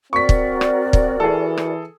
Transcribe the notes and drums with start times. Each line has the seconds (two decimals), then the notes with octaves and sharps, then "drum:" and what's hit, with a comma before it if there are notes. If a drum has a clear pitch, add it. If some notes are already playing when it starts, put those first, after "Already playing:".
0.13 C4 F#4 A#4 D5 C#6 B6
0.29 drum: kick
0.61 drum: rim click
0.93 drum: kick
1.20 E3 G#4 A4
1.57 drum: rim click